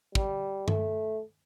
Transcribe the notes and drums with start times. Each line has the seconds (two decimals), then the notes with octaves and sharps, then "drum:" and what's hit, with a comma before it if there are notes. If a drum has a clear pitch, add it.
0.15 G3, drum: kick
0.68 A3, drum: tom G2